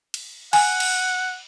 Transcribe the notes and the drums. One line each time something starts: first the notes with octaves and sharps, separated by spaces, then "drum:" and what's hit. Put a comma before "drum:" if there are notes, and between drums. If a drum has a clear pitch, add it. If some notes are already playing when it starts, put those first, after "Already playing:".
drum: cymbal
F#5 G#5, drum: cymbal
drum: cymbal